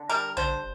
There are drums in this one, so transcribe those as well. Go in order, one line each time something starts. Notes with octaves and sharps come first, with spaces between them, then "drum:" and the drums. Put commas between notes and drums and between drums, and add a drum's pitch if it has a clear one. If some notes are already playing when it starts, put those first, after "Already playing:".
Already playing: D3
G3 A#4
D3 C5, drum: tom